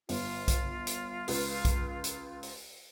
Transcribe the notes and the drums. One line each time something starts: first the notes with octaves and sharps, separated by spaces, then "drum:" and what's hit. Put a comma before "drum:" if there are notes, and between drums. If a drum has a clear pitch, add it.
G1 F4, drum: open hi-hat
drum: kick B1, hi-hat
drum: hi-hat
C#2 B4, drum: open hi-hat
drum: kick B1, hi-hat
drum: hi-hat
drum: open hi-hat